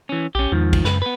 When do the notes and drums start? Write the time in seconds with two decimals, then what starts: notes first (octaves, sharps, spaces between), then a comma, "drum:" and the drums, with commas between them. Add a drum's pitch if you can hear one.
0.09 E3 C#4
0.35 A#1 C#4 G4
0.52 E2 G#2 D#3 F3
0.73 drum: kick, cymbal
0.84 C#2 F#2 B4, drum: snare
1.02 B3 B4